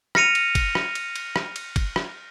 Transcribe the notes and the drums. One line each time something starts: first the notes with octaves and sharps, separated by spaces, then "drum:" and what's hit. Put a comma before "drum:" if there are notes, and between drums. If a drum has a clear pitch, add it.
F6 A#6 C#7 D#7 F7, drum: rim click
drum: cymbal
drum: kick, cymbal
drum: rim click
drum: cymbal
drum: cymbal
drum: rim click
drum: cymbal
drum: kick, cymbal
drum: rim click